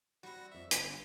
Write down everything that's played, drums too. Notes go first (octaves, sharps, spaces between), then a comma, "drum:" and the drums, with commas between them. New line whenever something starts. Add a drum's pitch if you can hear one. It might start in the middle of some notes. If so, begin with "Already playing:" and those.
G3 C4 F#4 C#6 A#6
F2 E5
G1 G2 F4, drum: hi-hat